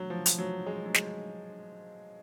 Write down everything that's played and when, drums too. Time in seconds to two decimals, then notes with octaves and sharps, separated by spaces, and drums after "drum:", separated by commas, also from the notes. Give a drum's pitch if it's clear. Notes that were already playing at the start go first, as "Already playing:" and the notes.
Already playing: F#3
0.10 F3
0.26 drum: hi-hat
0.38 F#3
0.66 G#3
0.86 F#3
0.94 G#3, drum: snare